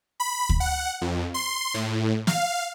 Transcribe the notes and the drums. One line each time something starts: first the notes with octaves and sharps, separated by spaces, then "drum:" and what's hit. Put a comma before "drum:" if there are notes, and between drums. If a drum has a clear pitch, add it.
B5
drum: kick D2
F#5
F2
C6
A2
F5, drum: snare